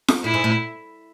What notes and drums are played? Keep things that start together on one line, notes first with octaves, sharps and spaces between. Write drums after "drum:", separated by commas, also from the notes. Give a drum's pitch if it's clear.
drum: snare F4
A2 E4
G#2
A2